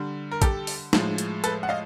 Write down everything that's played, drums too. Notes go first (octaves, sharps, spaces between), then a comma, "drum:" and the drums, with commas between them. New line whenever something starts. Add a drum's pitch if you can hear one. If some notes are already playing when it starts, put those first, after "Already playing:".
Already playing: D3 G3
A#4
G4 A4, drum: kick A1, hi-hat
drum: open hi-hat
A2 F3 G#3, drum: snare
drum: hi-hat
A4 B4, drum: hi-hat
F#5
D#5 F5